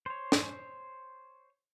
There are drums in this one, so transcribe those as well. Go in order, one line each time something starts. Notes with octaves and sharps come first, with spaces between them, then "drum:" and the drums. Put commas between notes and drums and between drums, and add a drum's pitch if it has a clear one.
C5 C#5
drum: snare